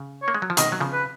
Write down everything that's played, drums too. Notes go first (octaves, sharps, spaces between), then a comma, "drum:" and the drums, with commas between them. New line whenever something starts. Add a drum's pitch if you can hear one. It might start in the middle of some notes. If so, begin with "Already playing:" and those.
Already playing: C#3
C#5
A#3
G#3
F#3
F3
B2 D#3 D#5, drum: hi-hat
F#3
C#3 F3
B4